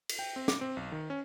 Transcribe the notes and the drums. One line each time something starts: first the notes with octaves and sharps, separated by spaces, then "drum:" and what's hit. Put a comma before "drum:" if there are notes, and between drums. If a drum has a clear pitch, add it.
drum: cymbal
G5
C4
D6, drum: snare
C4
B1
D#3
C#4